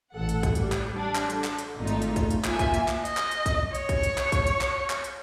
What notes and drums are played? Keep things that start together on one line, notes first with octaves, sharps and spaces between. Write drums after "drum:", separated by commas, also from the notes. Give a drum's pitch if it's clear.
A1 A4 F#5
drum: hi-hat
drum: kick, hi-hat
G3, drum: hi-hat
drum: clap
G3 D4
drum: clap
D3, drum: hi-hat
drum: clap
drum: hi-hat
G#1 A#2 A3 D#4 F4
drum: hi-hat
drum: hi-hat
drum: kick, hi-hat
drum: hi-hat
A#3 F4 E5 G#5, drum: clap
drum: kick, hi-hat
drum: hi-hat
drum: clap
D#5, drum: hi-hat
drum: clap
drum: hi-hat
drum: kick, hi-hat
C#5, drum: hi-hat
drum: kick, hi-hat
drum: hi-hat
drum: clap
drum: kick, hi-hat
drum: hi-hat
drum: clap
drum: clap
drum: hi-hat